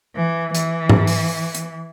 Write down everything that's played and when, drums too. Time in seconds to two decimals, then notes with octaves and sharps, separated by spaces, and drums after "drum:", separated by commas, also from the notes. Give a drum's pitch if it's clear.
0.16 E3
0.55 E3, drum: hi-hat
0.90 drum: tom G#2
1.07 drum: open hi-hat
1.55 drum: hi-hat